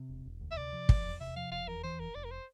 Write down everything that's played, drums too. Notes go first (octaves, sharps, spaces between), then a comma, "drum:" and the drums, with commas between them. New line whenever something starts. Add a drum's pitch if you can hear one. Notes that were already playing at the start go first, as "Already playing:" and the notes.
Already playing: C3
E1
E1
D2
E5
C3 D5
F3
F1, drum: kick
E2
C3 E5
F3 F5
F1 F5
E2 A#4
E3 C5
F1 A#4
F1 D5
A#4
C5